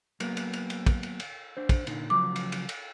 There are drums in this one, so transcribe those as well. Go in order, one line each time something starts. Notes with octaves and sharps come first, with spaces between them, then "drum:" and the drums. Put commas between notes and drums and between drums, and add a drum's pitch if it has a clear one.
F#3 A#3 B3, drum: cymbal
drum: cymbal
drum: cymbal
drum: cymbal
drum: kick, cymbal
drum: cymbal
drum: cymbal
D4 C5
drum: kick, cymbal
A#2 D3 D#4, drum: cymbal
C#3 F3 F#3 D6
drum: cymbal
drum: cymbal
drum: cymbal